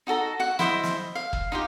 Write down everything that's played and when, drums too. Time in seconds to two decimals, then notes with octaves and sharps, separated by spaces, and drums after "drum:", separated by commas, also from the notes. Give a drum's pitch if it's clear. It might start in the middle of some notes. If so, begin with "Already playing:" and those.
0.07 D#4 F#4 A4 A#5
0.40 F#4 F#5
0.59 E4 C5 D#5, drum: snare
0.84 drum: snare
1.15 F5
1.33 drum: kick
1.52 D#4 F4 G4